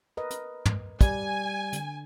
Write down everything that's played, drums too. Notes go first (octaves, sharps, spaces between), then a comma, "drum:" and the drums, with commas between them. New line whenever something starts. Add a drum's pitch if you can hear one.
A#4 B4 D#5
drum: hi-hat
drum: tom
G3 G#5, drum: kick, hi-hat
D3, drum: hi-hat